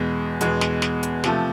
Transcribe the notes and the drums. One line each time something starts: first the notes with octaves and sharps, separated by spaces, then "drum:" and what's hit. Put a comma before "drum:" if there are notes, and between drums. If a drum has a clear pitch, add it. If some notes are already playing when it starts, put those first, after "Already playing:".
Already playing: E2 B2 G#3
E2 B2 G#3, drum: hi-hat
drum: snare
drum: snare
drum: hi-hat
C3 F3 A3, drum: snare